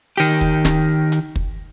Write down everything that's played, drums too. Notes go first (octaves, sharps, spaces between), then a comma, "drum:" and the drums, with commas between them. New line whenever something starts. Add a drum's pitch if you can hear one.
D#3 G4, drum: hi-hat
drum: kick
drum: snare
drum: hi-hat
drum: kick